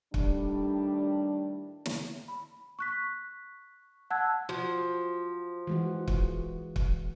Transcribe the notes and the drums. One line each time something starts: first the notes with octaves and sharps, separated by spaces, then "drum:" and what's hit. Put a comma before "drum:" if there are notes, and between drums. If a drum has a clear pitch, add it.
A2 D#3 G3 D4, drum: kick
drum: snare
B5
C#6 F#6 B6
F#5 A5 E6 F#6 G#6
F3 F#4
E3 G#3 F#4
drum: kick
drum: kick